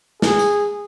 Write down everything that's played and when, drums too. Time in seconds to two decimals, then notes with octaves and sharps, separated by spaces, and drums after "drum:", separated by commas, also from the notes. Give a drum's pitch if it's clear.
0.22 G#4, drum: snare
0.39 drum: tambourine